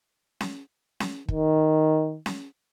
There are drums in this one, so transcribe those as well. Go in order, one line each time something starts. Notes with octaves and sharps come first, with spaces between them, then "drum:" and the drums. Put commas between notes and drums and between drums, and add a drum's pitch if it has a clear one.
drum: snare C#4
drum: snare C#4
D#3, drum: kick
drum: snare C#4